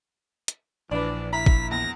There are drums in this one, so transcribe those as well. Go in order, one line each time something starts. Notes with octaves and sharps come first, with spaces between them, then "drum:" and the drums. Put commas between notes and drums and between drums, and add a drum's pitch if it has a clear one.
drum: hi-hat
A#1 E3 D4 B4 D5
E4 A#5 B6
drum: kick
E2 A#6